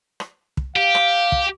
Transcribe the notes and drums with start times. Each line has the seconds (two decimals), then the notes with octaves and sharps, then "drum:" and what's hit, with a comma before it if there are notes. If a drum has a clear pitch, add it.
0.20 drum: rim click
0.57 drum: kick
0.76 G4 F5
0.95 drum: rim click
1.32 drum: kick